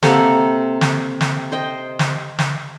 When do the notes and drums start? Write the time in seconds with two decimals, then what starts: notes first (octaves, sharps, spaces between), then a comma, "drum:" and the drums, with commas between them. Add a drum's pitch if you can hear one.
0.03 C3 A#3 A4 F#5, drum: snare
0.81 drum: snare
1.21 drum: snare
1.52 C5 D#5 G5
1.99 drum: snare
2.39 drum: snare